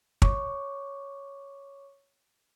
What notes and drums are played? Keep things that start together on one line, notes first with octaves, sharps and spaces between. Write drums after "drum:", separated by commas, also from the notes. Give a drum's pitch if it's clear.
C#5 C#6 D6, drum: kick